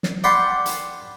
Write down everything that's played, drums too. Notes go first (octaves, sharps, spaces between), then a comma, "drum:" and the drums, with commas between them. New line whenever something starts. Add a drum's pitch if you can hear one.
drum: snare
D5 F#5 G5 B5 C6
drum: hi-hat